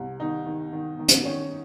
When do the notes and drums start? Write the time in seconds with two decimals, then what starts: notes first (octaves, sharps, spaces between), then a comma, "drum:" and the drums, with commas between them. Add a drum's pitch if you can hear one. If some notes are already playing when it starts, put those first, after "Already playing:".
Already playing: C2
0.20 D#3 D#4
0.46 D#3
0.73 D#3
0.99 D#3
1.08 drum: hi-hat
1.25 D#3 C#4